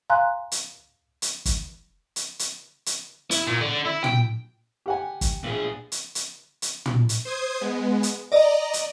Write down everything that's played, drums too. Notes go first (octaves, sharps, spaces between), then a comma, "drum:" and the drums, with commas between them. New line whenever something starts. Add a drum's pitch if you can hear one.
F5 G#5 A#5 C6 F#6
drum: hi-hat
drum: hi-hat
drum: kick, hi-hat
drum: hi-hat
drum: hi-hat
drum: hi-hat
E4, drum: hi-hat
A#2
D3
E4
G5, drum: tom
G4 F#5 G#5
drum: kick, hi-hat
A#2 G#4
drum: hi-hat
drum: hi-hat
drum: hi-hat
drum: tom
drum: hi-hat
C5 D#6 G#6
G#3 B3
drum: hi-hat
D5 D#5 A#5 A#6
drum: hi-hat